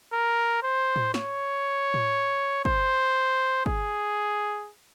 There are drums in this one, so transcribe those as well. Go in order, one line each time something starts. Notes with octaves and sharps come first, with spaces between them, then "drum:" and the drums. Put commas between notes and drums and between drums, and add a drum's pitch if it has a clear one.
A#4
C5
drum: tom A2
C#5, drum: snare
drum: tom A2
C5, drum: kick
G#4, drum: kick